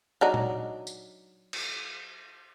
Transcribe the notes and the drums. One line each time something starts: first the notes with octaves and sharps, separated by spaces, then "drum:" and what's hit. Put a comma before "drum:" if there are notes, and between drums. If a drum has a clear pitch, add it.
F#3 D4 D#4
drum: tom A#2
drum: tambourine
drum: cymbal